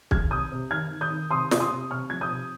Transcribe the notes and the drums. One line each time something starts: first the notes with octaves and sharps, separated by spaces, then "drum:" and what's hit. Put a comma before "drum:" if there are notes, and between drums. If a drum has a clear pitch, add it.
D#3 F6 G#6, drum: kick
C3 D#6 G6
C3
D#3 F6 G#6
D#3
D#6 G6
D#3
C3 C6 D#6
C3, drum: snare
C6 D#6
C3
C3 C#6 F6
F3 G#6
D#6 G6
C3